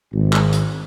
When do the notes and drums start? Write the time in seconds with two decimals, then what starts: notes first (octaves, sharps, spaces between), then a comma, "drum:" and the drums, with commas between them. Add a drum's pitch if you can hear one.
0.13 G#1
0.33 drum: clap
0.53 drum: hi-hat